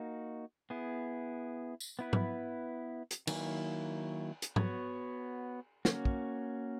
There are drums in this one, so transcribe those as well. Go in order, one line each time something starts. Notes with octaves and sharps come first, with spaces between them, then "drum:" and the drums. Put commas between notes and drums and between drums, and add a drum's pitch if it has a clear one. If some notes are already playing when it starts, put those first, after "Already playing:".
Already playing: A#3 D#4 F#4
B3 E4 G#4
drum: tambourine
B3 E4 B4
drum: tom G#2
drum: hi-hat
D#3 F#3 A#3 E4, drum: cymbal
drum: hi-hat
B3 F#4 C#5, drum: tom G#2
A#3 C#4 F#4, drum: snare
drum: kick